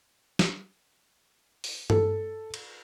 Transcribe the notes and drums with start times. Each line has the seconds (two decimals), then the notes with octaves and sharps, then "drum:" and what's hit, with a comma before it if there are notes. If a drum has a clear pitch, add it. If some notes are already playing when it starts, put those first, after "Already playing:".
0.39 drum: snare
1.64 drum: open hi-hat
1.90 A4, drum: tom G2
2.54 drum: cymbal